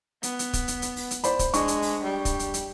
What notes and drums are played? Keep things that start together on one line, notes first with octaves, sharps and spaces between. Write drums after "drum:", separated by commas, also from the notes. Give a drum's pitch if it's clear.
B3, drum: hi-hat
drum: hi-hat
drum: kick, hi-hat
drum: hi-hat
drum: hi-hat
drum: open hi-hat
drum: hi-hat
C5 D5 B5, drum: hi-hat
drum: kick, hi-hat
G#3 D4 C#6, drum: hi-hat
drum: hi-hat
drum: open hi-hat
G3
drum: kick, hi-hat
drum: hi-hat
drum: hi-hat